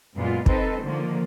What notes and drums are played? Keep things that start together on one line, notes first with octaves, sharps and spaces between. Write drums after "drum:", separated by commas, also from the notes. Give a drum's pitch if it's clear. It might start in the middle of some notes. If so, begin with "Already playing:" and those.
F#2 A#2 G#3 B3 F4
C4 D#4 A4 B4 C5, drum: kick
D3 D#3 F3 A#3